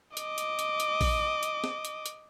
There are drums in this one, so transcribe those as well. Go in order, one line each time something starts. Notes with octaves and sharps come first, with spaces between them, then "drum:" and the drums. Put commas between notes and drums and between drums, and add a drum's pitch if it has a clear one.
D#5 D6, drum: hi-hat
drum: hi-hat
drum: hi-hat
drum: hi-hat
drum: kick, open hi-hat
drum: hi-hat
drum: snare
drum: hi-hat
drum: hi-hat